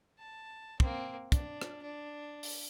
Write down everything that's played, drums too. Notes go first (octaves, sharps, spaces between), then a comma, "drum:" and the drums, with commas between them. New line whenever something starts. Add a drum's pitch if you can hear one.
A5
A#3 C4, drum: kick
D4, drum: kick, hi-hat
drum: rim click
D4
drum: open hi-hat